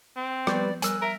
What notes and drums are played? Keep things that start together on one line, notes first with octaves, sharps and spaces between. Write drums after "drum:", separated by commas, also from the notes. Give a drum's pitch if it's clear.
C4
F3 G3 B3 B4 D5 C#6 G6, drum: rim click
G3 A#4 G#5 E6 F#6, drum: hi-hat
A#4 E5